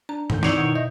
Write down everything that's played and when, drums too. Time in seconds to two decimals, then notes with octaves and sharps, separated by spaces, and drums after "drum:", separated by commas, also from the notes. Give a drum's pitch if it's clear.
0.09 D4 A#5
0.30 C#2 D3 G6, drum: tom G2
0.43 D#3 E4 C#5 D5 D6 G6 G#6 C7, drum: snare
0.57 B2 F#5
0.75 D#5 E5 G6